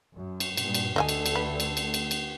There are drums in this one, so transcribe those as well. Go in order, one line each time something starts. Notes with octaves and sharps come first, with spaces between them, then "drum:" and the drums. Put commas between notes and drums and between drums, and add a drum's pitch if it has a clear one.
F#2
drum: cymbal
G2 A#2, drum: cymbal
drum: cymbal
D2 D3 A3 D#5 E5 G#5
drum: cymbal
drum: cymbal
B4
drum: cymbal
drum: cymbal
drum: cymbal
drum: cymbal